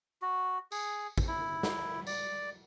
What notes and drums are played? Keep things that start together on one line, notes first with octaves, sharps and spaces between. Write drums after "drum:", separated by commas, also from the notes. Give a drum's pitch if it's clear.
F#4
G#4, drum: tambourine
drum: kick, tambourine
E4
drum: snare
D5, drum: tambourine